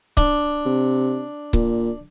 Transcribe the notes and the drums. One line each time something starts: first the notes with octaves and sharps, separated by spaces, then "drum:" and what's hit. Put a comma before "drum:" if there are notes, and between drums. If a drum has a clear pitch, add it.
D4, drum: kick C#1
C3
A#2, drum: kick C#1